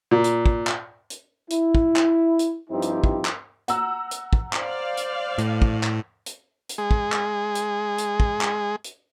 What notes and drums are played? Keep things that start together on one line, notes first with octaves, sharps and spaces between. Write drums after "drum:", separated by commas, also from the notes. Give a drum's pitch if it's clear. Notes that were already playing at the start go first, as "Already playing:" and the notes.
A#2
drum: hi-hat
drum: kick
drum: clap
drum: hi-hat
E4, drum: hi-hat
drum: kick
drum: clap
drum: hi-hat
G2 F3 C4 D#4 E4 G4
drum: hi-hat
drum: kick
drum: clap
F#5 A#5 E6, drum: hi-hat
drum: hi-hat
drum: kick
C5 D5 F5, drum: clap
drum: hi-hat
A2, drum: hi-hat
drum: kick
drum: clap
drum: hi-hat
drum: hi-hat
G#3 G#4
drum: kick
drum: clap
drum: hi-hat
drum: hi-hat
drum: kick
drum: clap
drum: hi-hat